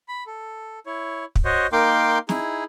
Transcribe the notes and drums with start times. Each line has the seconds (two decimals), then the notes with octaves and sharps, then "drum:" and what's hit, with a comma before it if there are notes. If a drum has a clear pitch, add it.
0.08 B5
0.26 A4
0.86 E4 C#5
1.35 drum: kick
1.45 F#4 C5 C#5 D#5
1.72 A#3 D#4 A#4 G5 C6 D6
2.29 D#4 E4 G#4, drum: snare